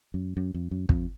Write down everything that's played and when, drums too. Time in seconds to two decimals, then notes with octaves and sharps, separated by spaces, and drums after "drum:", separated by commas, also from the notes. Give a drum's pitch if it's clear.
0.14 F#2
0.37 F#2
0.54 F2
0.71 F#2
0.89 F2, drum: kick